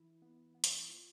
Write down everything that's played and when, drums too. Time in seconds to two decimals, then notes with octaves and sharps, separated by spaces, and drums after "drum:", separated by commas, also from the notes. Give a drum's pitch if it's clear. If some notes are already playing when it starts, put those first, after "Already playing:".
Already playing: E3 E4
0.22 B3
0.54 B3
0.64 drum: hi-hat
0.89 F4